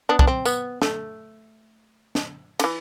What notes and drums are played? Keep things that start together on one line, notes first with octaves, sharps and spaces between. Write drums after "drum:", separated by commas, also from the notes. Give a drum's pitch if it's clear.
B3 D4
D4, drum: kick
C4
B3, drum: tambourine
A3, drum: snare
drum: snare
D3, drum: cymbal
E3